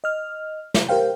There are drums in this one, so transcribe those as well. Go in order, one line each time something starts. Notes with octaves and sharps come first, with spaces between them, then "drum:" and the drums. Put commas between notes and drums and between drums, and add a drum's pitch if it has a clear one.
D#5 F6
drum: snare
G4 A#4 C5 F5 G5